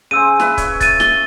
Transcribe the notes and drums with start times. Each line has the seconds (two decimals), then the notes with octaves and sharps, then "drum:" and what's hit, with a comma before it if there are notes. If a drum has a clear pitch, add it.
0.11 C#3 C5 E6 D#7
0.40 B4 E5, drum: snare
0.58 C#5, drum: kick, hi-hat
0.80 A6 D#7, drum: kick, hi-hat
1.00 A6 G7, drum: snare